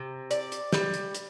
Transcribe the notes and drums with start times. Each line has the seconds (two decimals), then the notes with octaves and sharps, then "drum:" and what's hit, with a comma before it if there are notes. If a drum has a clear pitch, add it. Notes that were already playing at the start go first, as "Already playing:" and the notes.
Already playing: C3
0.31 D5, drum: hi-hat
0.52 drum: hi-hat
0.73 G3, drum: snare
0.94 drum: hi-hat
1.15 drum: hi-hat